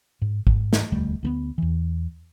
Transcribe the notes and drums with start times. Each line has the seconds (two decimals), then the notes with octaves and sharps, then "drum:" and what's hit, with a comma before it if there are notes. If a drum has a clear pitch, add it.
0.22 G#2
0.47 G#2, drum: kick G#1
0.73 drum: snare
0.92 E1 D2 G3 A3
1.23 D2 A3 B3
1.58 E2 E3